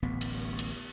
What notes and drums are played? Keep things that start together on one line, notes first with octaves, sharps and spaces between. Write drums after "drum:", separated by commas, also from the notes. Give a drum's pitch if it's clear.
D1 A1 B3
drum: cymbal
drum: cymbal